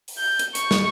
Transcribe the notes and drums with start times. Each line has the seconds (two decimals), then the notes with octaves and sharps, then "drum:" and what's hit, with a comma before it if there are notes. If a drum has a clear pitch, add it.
0.08 drum: open hi-hat
0.18 G6
0.39 drum: hi-hat
0.55 C#6, drum: hi-hat
0.71 drum: snare